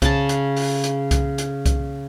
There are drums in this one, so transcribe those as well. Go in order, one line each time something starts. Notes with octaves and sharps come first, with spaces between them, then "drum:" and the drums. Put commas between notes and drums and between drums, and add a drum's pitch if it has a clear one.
C#3 A5, drum: kick C2, hi-hat
drum: hi-hat
drum: open hi-hat
drum: hi-hat
drum: kick C2, hi-hat
drum: hi-hat
drum: kick C2, hi-hat